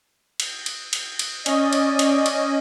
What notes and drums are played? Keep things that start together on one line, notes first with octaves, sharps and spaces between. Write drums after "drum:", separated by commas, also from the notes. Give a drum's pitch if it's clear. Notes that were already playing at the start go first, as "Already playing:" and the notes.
drum: cymbal
drum: cymbal
drum: cymbal
drum: cymbal
C#4 D5 D#5, drum: cymbal
drum: cymbal
drum: cymbal
drum: cymbal